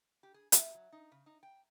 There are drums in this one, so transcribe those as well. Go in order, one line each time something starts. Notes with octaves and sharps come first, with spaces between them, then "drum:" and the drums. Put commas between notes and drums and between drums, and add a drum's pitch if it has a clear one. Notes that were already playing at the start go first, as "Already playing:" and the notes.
G4
G#4
E5, drum: hi-hat
F#3
D#4
C#3
D#4
G5